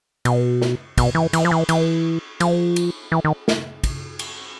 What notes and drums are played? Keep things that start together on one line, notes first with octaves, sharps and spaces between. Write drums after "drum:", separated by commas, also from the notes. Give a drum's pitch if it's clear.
B2, drum: cymbal
drum: snare
B2, drum: kick, cymbal
E3
E3, drum: cymbal
F3
E3
E3, drum: cymbal
F3, drum: cymbal
drum: cymbal
E3
D#3
drum: snare
drum: kick, cymbal
drum: cymbal